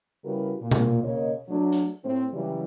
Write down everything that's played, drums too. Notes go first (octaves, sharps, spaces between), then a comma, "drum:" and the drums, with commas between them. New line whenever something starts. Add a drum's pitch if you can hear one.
C#3 G3 E4 F#4 A#4 B4
A#2
drum: tom B2
C#3 A#3 A#4 C#5 D#5
F#3 A3 D4
drum: hi-hat
A2 C4
C#3 E3 F#3 G3